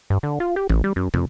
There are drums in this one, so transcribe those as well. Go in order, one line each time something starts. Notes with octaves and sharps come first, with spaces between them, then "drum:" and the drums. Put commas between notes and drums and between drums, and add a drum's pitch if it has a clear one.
G2
D3
F4
G4
A1, drum: tom E3
G3
F#2
F2, drum: tom